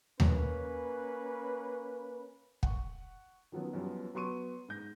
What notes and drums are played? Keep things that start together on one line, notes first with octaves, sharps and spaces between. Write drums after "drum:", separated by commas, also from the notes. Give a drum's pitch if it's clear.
A#3 C#4 B4, drum: tom D#2
F#5 C#6, drum: kick
D#3 F3 F#3 B3 C#4
F#2 F3 G3 B3
F#3 B3 C6 C#6 D#7
G#2 G6 A#6